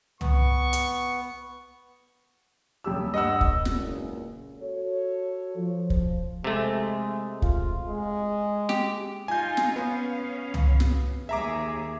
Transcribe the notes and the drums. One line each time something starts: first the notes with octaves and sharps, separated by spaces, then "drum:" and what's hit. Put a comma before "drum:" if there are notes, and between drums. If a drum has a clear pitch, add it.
B3 C#6, drum: tom
drum: hi-hat
D#1 G4 E6
G2 D#5 F#5 E6
drum: kick
F#1 C#2 A#2, drum: snare
F#4 A4 C#5
F3
drum: kick
C3 G#3 A3
F4, drum: kick
G#3
G4, drum: snare
D#4 F4 G#5 G6
drum: snare
B3 C#4 F5
drum: tom
drum: snare
D#2 G#4 E5 A#5 D6